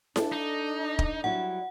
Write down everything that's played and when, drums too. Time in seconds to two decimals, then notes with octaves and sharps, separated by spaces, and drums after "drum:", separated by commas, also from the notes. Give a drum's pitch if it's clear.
0.16 D4 A4, drum: snare E4
0.32 D#4
0.99 drum: kick
1.24 F#3 G3 E4 F#5